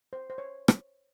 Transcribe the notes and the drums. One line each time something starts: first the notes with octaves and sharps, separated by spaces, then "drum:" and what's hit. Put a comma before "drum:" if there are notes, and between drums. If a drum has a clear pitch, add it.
C5
C5
C#5
drum: rim click